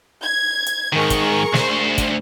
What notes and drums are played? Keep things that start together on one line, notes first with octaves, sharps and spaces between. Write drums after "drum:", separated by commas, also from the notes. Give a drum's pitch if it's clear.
G#6
drum: hi-hat
G#2 D#3 G#4 A#4 C#6
drum: kick, hi-hat
D2 C5, drum: snare
drum: kick, hi-hat